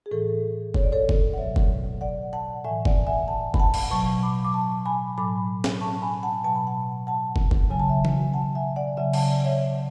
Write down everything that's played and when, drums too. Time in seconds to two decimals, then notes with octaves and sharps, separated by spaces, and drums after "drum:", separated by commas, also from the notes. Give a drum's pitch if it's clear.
0.06 G#4
0.11 A2 E3 A4
0.74 C#5, drum: kick
0.84 D5
0.92 A4 C#5
1.09 drum: kick
1.34 F#5
1.38 B2 F#3 C#5 E5
1.56 drum: kick
2.01 D5 F#5
2.33 F#5 A5
2.64 A2 E3 E5 G#5
2.85 D5 F#5, drum: kick
3.01 F#5
3.07 E5 G#5
3.28 F#5 A5
3.54 B5, drum: kick
3.59 F#5 A5
3.74 drum: cymbal
3.90 B2 F#3 A5 C#6
4.23 B5 D6
4.44 D6
4.54 A5 C#6
4.86 G#5 B5
5.18 A2 F#3 B5 D6
5.64 drum: snare
5.81 A5 C#6
6.02 G#5 B5
6.23 F#5 A5
6.44 B2 F#3 A5
6.55 B5
6.67 F#5 A5
7.07 F#5 A5
7.36 drum: kick
7.51 drum: kick
7.70 C#3 F#3 G#5
7.80 A5
7.89 E5 G#5
8.05 drum: tom E3
8.34 F#5 A5
8.55 E5 G#5
8.76 D5 F#5
8.97 C#3 F#3 E5 G#5
9.13 F#5 A5, drum: cymbal
9.29 D5 F#5
9.44 C#5 E5
9.60 C#5 E5